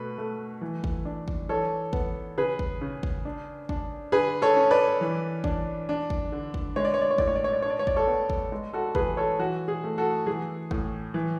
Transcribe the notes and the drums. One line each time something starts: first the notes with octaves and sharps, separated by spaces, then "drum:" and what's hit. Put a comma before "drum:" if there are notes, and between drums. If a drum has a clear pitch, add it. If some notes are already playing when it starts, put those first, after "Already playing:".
Already playing: B2 A3 B4
A3
E3
drum: kick
D4
drum: kick
E3 A4 C#5
B3, drum: kick
C#3 G#4 B4
drum: kick
C#3
drum: kick
D4
D4, drum: kick
D3 G#4 B4
A4 C#5
C#4
B4 D5
E3
D4, drum: kick
D4
drum: kick
D3
drum: kick
G#3 C#5
D5
C#5
D5
C#5
A2 D5, drum: kick
C#5
D5
C#5
D5
D4 C#5
D5
C#5
D5, drum: kick
A4 C#5
B3
drum: kick
G#3
F#4 A4
E3 G#4 B4, drum: kick
A4 C#5
E3 F#4
G#4
A3
F#4 A4
E3 G#4
A2, drum: kick
E3